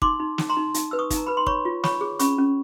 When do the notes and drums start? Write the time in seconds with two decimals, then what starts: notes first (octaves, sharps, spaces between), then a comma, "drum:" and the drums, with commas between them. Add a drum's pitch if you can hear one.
0.02 D#4 C6 D6, drum: kick
0.20 D#4
0.38 D#4, drum: snare
0.50 A#5 C6
0.57 D#4
0.74 D#4, drum: hi-hat
0.91 B4 E6
0.99 C#6 D#6
1.10 D#4, drum: kick, hi-hat
1.16 A#5
1.27 B4 B5
1.37 C6
1.47 C#5 B5 C#6, drum: kick
1.65 F4
1.84 C#5 B5 C#6, drum: snare
2.01 G#4
2.19 C#4 B5 C#6, drum: hi-hat
2.38 C#4